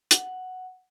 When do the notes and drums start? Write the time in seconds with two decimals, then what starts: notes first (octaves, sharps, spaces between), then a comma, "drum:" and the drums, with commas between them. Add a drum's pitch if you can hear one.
0.11 F#5, drum: hi-hat